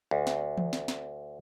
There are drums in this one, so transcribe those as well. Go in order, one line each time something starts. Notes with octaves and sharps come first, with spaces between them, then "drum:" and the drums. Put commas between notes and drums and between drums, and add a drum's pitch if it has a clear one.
D2
drum: snare
drum: tom E3
drum: snare
drum: snare